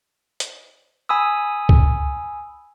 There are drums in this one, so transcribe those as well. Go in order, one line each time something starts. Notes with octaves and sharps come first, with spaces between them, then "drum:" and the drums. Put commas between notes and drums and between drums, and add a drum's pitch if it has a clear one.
drum: hi-hat
G#5 B5 D#6 E6
drum: kick